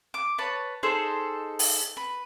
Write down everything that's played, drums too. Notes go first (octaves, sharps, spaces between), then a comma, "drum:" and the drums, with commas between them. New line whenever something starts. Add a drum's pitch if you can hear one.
D6
B4 C#5 A5
D#4 G#4 A4 C5
drum: open hi-hat
B4